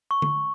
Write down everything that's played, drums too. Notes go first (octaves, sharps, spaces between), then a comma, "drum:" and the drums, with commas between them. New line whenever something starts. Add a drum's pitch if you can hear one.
C#6
drum: tom D3